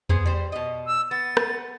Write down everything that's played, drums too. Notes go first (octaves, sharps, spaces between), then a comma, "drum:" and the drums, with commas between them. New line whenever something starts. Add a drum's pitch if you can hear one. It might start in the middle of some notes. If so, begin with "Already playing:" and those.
B3 G#4 C5, drum: tom E2
G3 C5
B2 D#5
E6
B3 A6
drum: rim click